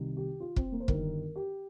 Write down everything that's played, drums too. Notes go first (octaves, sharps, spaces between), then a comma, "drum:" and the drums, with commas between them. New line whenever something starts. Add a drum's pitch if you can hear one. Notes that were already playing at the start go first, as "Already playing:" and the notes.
Already playing: C2 C3 D#3
G4
F4
C4, drum: kick
A#3
C5
G1 G2 D#3 A#4, drum: kick
G4